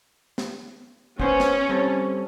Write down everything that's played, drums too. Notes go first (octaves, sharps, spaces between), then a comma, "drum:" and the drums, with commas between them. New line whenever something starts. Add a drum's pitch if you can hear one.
drum: snare
B3 C#4 C5, drum: kick
drum: snare
G3 C4 A4